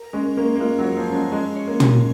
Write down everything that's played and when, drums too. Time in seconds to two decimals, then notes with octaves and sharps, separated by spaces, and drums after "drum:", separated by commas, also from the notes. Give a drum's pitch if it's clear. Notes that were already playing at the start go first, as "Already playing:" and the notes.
Already playing: A#4
0.13 G#3 C#4
0.37 A#3 C#4
0.55 A#3
0.60 G#3 F4
0.79 F#3
0.84 C#5
0.97 F3
1.08 C#4
1.15 G#3
1.32 G#3 C#4
1.56 C#5
1.67 A#3
1.80 C#4, drum: tom